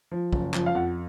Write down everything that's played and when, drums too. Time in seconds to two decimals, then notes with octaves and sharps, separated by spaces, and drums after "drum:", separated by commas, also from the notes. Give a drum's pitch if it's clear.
0.11 F3
0.33 F#1, drum: kick
0.54 F3, drum: clap
0.66 F5
0.75 F2 F#5